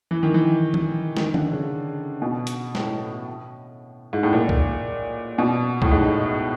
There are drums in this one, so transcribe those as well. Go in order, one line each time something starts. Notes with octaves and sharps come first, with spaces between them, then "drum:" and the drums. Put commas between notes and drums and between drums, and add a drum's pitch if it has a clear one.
E3
D#3
E3
drum: tom
D#3, drum: snare
D3, drum: tom D#3
C#3
B2
drum: hi-hat
A2, drum: snare
G#2
A2
A#2
drum: kick C2
B2
A2, drum: kick C2
G#2